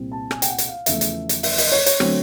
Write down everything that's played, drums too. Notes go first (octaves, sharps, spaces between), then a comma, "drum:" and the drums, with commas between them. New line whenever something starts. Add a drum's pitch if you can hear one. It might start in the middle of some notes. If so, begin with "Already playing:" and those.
Already playing: C2 A#2 G3 C4
A5
G#5, drum: rim click
G5, drum: hi-hat
F#5
drum: hi-hat
F5
E2 C#3 F3 A3 E5, drum: hi-hat
drum: hi-hat
drum: hi-hat
E5, drum: open hi-hat
D#5, drum: open hi-hat
C#5
C#5, drum: hi-hat
D3 F#3 A3 C4, drum: rim click